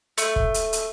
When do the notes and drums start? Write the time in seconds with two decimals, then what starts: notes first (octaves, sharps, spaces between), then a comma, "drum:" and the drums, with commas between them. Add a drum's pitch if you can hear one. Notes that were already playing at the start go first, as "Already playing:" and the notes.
0.18 A3, drum: hi-hat
0.36 drum: kick
0.54 drum: hi-hat
0.73 drum: hi-hat